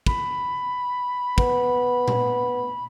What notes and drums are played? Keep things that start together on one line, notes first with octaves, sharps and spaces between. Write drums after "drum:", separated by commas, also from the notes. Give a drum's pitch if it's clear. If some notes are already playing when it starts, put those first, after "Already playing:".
B5, drum: kick
B3, drum: kick
drum: tom A#2